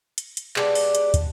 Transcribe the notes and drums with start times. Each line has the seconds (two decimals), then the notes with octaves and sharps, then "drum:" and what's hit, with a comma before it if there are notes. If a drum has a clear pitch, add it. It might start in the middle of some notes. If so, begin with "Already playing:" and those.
0.18 drum: hi-hat
0.37 drum: hi-hat
0.56 G#3 B3 D4 G4, drum: clap
0.75 drum: open hi-hat
0.95 drum: hi-hat
1.14 drum: kick, hi-hat